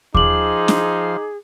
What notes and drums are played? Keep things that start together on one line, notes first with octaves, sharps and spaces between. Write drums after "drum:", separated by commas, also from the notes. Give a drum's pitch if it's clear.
F3 D#4 G#4 C5 D6 F#7, drum: kick D#2
drum: snare